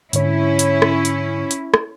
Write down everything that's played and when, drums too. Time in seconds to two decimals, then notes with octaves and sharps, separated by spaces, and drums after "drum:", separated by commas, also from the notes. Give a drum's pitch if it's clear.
0.13 G#2 D3 C#4 E4 C#5, drum: hi-hat
0.59 drum: hi-hat
0.82 drum: rim click
1.05 drum: hi-hat
1.51 drum: hi-hat
1.74 drum: rim click